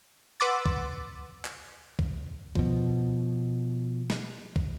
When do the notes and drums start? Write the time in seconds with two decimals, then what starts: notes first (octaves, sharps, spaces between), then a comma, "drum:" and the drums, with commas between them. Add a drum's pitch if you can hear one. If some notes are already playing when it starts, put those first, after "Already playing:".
0.40 B4 F#5 C6 D6 E6 A6
0.66 drum: kick
1.45 drum: clap
1.99 drum: kick
2.55 B2 F3, drum: kick
4.10 drum: snare
4.56 drum: kick